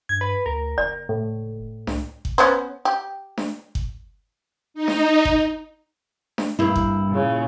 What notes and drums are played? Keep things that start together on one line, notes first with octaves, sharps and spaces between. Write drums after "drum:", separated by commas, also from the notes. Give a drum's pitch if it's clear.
G2 G#6
B4
D2 A#4
F#1 D5
A2
C2, drum: snare D4
drum: kick G1
B3 C#4 C5
G4
drum: snare D4
drum: kick G1
D#4
drum: snare D4
drum: kick G1
drum: snare D4
G2 A#3 E4
drum: kick G1
A#2 C#3